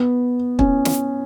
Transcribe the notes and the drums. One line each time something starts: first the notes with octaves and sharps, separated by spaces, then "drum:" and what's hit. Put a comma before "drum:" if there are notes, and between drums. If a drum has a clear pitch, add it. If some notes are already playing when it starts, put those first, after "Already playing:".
Already playing: B3
C#4, drum: kick
drum: snare